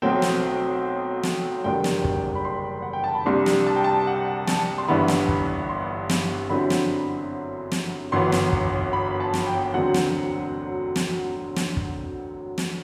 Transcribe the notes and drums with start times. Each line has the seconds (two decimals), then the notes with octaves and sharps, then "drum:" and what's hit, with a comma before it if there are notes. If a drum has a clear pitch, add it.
0.02 B1 B2 F#3 A3 C4 G5
0.22 drum: snare
1.23 drum: snare
1.64 F#1 E2 D3 G3 G5
1.84 drum: snare
2.04 drum: kick
2.36 B5
2.45 C6
2.82 F#5
2.93 G5
3.04 A5
3.15 B5
3.26 C2 C3 G3 D4 C6
3.46 drum: snare
3.67 A5
3.76 G5
3.84 A5
4.07 F#5
4.47 A5, drum: snare
4.78 C6
4.88 G1 G2 E3 B3 E4 B5
5.08 drum: snare
5.28 drum: kick
5.69 C6
6.09 drum: snare
6.50 F#2 D3 F#3 C4 E4 B5
6.70 drum: snare
7.72 drum: snare
8.12 G1 F#2 E3 B3 C6
8.32 drum: snare
8.53 drum: kick
8.93 B5
9.20 A5
9.34 drum: snare
9.47 G5
9.74 E1 D2 D3 F#3 C4 F#5
9.94 drum: snare
10.96 drum: snare
11.56 drum: snare
11.77 drum: kick
12.58 drum: snare